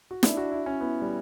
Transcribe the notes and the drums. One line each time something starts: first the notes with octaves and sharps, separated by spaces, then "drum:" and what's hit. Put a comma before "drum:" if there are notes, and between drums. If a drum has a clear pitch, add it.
F#4
D4 E4, drum: snare
F#4
E4
C#4
B3 E4
G3